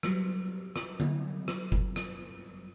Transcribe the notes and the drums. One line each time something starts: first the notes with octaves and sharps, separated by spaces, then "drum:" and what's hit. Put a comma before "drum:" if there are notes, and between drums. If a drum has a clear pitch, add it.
F#3 G3, drum: rim click
drum: rim click
drum: tom D3
drum: rim click
drum: kick F#1
drum: rim click